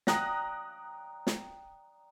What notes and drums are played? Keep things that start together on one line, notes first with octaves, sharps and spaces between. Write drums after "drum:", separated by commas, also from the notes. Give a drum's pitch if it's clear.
D5 G5 A#5 D#6 F#6 A#6, drum: snare
drum: snare